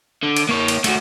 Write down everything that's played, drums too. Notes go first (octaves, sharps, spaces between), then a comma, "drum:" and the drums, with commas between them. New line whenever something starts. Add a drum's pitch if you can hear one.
D3
drum: cymbal
A#3 C#5
drum: cymbal
A3 F#4, drum: cymbal